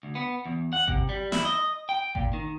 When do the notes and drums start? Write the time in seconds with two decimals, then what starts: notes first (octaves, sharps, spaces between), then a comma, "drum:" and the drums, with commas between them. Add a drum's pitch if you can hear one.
0.03 D2
0.15 B3
0.46 E2
0.73 F#5
0.88 C3, drum: kick G#1
1.09 G3
1.32 E4, drum: snare
1.45 D#5
1.89 G5
2.15 A#2, drum: kick G#1
2.33 D#3